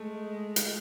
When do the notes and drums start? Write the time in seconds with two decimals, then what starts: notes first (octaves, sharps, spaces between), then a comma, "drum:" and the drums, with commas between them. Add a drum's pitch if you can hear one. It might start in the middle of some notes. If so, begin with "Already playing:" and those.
Already playing: G#3 A3
0.56 drum: hi-hat